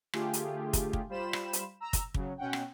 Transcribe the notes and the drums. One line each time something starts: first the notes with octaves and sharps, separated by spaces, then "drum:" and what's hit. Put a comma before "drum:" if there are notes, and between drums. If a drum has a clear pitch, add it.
D3 A3 F4 G4 G#4, drum: rim click
drum: hi-hat
drum: kick, hi-hat
drum: kick
G3 F4 C5 B5 E7
drum: rim click
drum: hi-hat
A#5 E6
drum: kick, hi-hat
C#3 F#3, drum: kick
B2 C#4 F#5 G5
drum: rim click